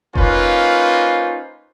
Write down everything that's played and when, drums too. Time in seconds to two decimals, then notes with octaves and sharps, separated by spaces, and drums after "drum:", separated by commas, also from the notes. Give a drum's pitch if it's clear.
0.15 A#3 C#4 D#4 F4 B4 C5, drum: kick F1